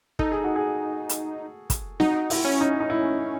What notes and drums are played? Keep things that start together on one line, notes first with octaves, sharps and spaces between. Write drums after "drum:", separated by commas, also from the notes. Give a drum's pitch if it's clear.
D#4 A4, drum: kick
G#4
F#4
G#4
drum: hi-hat
drum: kick, hi-hat
D#4 F#4, drum: snare C4
E4, drum: open hi-hat
C#4
D#4
D#4
E4